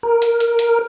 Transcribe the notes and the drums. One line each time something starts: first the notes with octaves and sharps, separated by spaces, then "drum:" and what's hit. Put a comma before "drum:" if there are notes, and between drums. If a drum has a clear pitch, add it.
A#4
drum: hi-hat
drum: hi-hat
drum: hi-hat